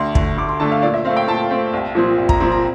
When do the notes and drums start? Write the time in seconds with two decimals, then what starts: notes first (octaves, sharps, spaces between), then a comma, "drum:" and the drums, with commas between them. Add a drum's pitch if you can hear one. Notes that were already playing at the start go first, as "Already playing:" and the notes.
Already playing: D2 C6
0.15 D3 A3, drum: kick
0.37 D2 D6
0.49 C6
0.60 D3 A3 A5
0.72 F5
0.83 A#2 D5
0.94 E5
1.05 A3 C4 F5
1.17 G5
1.28 A#2 A5
1.51 A3 C4
1.73 C2
1.95 A#2 F3 C4
2.18 C2
2.29 A#5, drum: kick
2.40 A#2 F3 C4
2.52 A#5